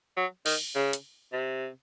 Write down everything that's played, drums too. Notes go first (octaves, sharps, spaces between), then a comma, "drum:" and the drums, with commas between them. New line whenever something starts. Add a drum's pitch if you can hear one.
F#3
D#3, drum: cymbal
C#3
drum: hi-hat
C3